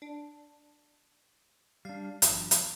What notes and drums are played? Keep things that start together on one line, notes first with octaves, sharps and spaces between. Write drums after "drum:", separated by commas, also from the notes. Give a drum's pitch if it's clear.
D4
G3 D4 F5
G#1 G2 F3 E7, drum: hi-hat
drum: hi-hat